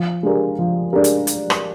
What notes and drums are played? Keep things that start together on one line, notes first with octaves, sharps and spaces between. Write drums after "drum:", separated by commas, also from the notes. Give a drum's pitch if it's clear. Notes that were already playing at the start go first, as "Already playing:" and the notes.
Already playing: F3
G#3 D4 G4 A#4
F3
G#3 D4 G4 A#4
drum: hi-hat
drum: hi-hat
drum: rim click